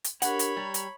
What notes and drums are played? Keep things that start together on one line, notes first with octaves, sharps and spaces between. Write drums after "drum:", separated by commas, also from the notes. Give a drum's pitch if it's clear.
drum: hi-hat
D4 G4 A#4 C#5 F#5 B5, drum: hi-hat
drum: hi-hat
G3 A#5
drum: hi-hat